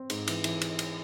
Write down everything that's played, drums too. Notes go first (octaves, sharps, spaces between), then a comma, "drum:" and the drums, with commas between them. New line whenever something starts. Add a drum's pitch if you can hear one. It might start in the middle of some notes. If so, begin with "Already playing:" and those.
Already playing: C4
G#2, drum: cymbal
E3, drum: cymbal
E3, drum: cymbal
drum: cymbal
drum: cymbal